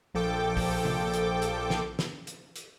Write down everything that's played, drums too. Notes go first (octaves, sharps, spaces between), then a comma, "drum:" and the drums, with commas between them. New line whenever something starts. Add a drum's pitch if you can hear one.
A#1 F3 A4 G5 D6
drum: kick, open hi-hat
drum: tom C3
drum: hi-hat
drum: hi-hat
drum: snare
drum: snare
drum: hi-hat
drum: hi-hat